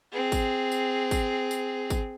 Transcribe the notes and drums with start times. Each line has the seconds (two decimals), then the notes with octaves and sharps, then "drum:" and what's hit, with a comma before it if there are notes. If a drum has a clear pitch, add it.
0.12 C4 G#4
0.32 drum: kick, tambourine
0.72 drum: tambourine
1.11 drum: kick, tambourine
1.51 drum: tambourine
1.90 drum: kick, tambourine